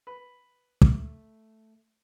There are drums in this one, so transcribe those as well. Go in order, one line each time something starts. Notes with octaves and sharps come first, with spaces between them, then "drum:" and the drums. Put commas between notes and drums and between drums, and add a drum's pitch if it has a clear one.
B4
A3, drum: kick